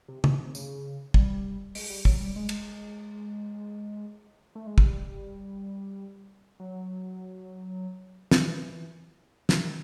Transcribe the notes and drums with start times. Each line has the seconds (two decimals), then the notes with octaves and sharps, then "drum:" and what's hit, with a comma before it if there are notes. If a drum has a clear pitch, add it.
0.08 C3
0.24 B2, drum: tom
0.39 C3
0.55 C#3, drum: tambourine
1.14 G3, drum: kick
1.75 G#3, drum: open hi-hat
1.90 G3
2.05 F#3, drum: kick
2.20 G3
2.36 G#3
2.49 drum: cymbal
4.55 A3
4.67 G#3
4.78 G3, drum: kick
6.60 F#3
8.32 drum: snare
8.41 E3
9.49 drum: snare
9.62 D#3